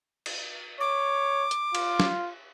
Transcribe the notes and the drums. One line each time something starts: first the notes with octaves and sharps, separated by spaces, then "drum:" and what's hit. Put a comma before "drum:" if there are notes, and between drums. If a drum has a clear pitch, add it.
drum: cymbal
C#5 D6
drum: hi-hat
F4, drum: cymbal
drum: snare